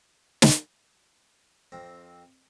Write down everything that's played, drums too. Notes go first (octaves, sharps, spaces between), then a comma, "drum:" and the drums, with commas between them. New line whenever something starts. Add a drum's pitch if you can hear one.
drum: snare
F2 C4 A#4